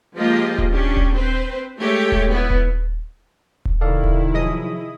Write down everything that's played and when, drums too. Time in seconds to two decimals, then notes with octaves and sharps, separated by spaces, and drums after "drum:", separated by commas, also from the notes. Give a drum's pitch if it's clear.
0.16 F3 G#3 A#3 F4 G4 D#5
0.58 drum: kick D#1
0.70 C#4 D4 G4
0.97 drum: kick D#1
1.14 C4 B4 C5
1.79 G#3 A3 G4 C#5
2.12 drum: kick D#1
2.31 B3 E4
2.50 drum: kick D#1
3.65 drum: kick D#1
3.81 C3 D#3 E4 A4 D5 F5
4.04 drum: kick D#1
4.34 F3 F#3 G#4 D#5 D#6